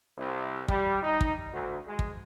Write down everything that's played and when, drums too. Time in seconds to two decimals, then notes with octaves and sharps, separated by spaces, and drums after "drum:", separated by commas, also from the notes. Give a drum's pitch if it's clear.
0.18 C2
0.68 G3, drum: kick
1.03 D#4
1.21 drum: kick
1.52 D2
1.88 G#3
1.99 drum: kick